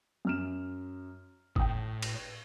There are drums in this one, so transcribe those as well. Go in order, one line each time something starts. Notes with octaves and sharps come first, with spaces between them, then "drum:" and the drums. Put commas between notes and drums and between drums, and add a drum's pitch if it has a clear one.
F#2 F6 E7
A2 G5 D#6, drum: kick G1
drum: cymbal